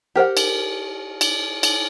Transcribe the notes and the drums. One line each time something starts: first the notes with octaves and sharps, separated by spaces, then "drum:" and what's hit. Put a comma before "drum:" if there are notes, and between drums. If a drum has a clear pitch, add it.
G4 A#4 C5 F#5
drum: cymbal
drum: cymbal
drum: cymbal